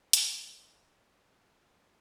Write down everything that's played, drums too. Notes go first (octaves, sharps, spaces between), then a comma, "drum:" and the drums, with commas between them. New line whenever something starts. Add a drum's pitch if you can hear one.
D4, drum: hi-hat
C#3 C#5 D#5
C#4 E4 G4 C5
G#3 D4 D5
C#4 A#4